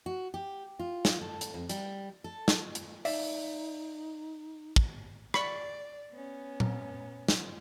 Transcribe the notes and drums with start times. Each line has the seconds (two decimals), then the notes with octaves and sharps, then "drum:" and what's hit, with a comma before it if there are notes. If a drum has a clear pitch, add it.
0.06 F#4
0.34 G4
0.79 F4
1.05 drum: snare
1.21 A4
1.41 drum: hi-hat
1.54 F2
1.69 G3, drum: hi-hat
2.24 A4
2.48 drum: snare
2.75 drum: hi-hat
3.05 D#4 D5 E5 F5, drum: open hi-hat
4.76 drum: kick
5.34 D5 B5 C#6, drum: rim click
6.13 B3 C#4
6.60 drum: tom A#2
7.28 drum: snare